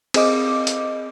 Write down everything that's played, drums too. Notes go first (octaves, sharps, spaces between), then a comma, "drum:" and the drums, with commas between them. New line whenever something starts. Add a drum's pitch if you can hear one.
C4 G#4 D#5 D6, drum: cymbal
drum: hi-hat